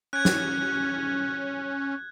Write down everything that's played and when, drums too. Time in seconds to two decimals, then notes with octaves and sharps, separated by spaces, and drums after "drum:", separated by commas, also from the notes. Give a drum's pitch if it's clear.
0.13 C#4 F#6 G#6
0.25 drum: snare